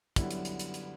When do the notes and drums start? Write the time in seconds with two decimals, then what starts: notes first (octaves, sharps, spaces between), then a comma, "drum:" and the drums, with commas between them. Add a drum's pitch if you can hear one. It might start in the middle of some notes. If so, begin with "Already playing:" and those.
0.16 F#2 D3 G3 B3 E4, drum: kick, hi-hat
0.31 drum: hi-hat
0.45 drum: hi-hat
0.59 drum: hi-hat
0.74 drum: hi-hat